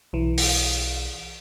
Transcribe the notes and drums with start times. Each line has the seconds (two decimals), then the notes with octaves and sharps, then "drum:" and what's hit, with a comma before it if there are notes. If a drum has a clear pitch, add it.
0.13 B1 E3
0.38 drum: open hi-hat